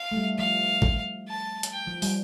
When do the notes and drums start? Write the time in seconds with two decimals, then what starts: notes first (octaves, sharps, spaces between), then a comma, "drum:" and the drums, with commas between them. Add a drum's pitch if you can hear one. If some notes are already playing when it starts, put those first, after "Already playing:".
Already playing: F5
0.11 A3
0.16 G3
0.38 F3 F5
0.82 drum: kick A#1
1.28 A5
1.63 drum: hi-hat
1.72 G5
1.87 F3
2.02 G3, drum: open hi-hat